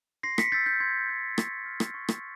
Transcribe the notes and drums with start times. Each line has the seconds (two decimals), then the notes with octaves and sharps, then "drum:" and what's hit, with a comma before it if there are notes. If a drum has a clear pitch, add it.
0.23 C6 A#6 C7
0.38 B6 C#7, drum: rim click
0.52 E6 G6 A6 B6
0.66 G6
0.80 C6 G#6
1.09 E6 G6
1.38 C#6, drum: rim click
1.65 F6
1.80 drum: rim click
1.94 C#6
2.08 drum: rim click